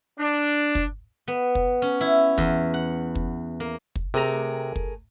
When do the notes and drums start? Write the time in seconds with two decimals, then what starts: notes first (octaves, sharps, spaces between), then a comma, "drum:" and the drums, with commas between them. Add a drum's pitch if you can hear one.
0.18 D4
0.75 drum: kick
1.28 B3
1.55 drum: kick
1.82 C#4
2.01 E4
2.38 E2, drum: kick
2.74 F#5
3.15 drum: kick
3.60 A#3
3.96 drum: kick
4.14 C3 A3 G#4 A#4 A#5
4.76 drum: kick